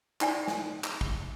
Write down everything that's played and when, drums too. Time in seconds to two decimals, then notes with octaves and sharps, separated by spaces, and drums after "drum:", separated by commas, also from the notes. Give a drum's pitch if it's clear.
0.21 D#4 D5 G5 G#5, drum: clap
0.48 drum: snare
0.84 drum: clap
1.01 drum: kick